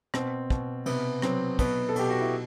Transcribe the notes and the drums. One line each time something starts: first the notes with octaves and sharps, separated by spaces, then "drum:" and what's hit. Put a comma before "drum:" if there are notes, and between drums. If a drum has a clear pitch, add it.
B2 C4, drum: rim click
B2, drum: kick
C3 B3, drum: cymbal
F#3 C4, drum: rim click
B2 B3, drum: kick, cymbal
A4
B2 G4, drum: cymbal
F#4
E4